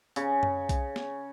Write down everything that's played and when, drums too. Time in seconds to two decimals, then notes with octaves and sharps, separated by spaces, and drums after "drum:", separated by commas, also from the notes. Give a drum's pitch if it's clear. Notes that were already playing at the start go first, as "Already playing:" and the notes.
0.16 C#3, drum: hi-hat
0.43 drum: tom F#2
0.69 drum: kick B1, hi-hat
0.96 drum: snare B3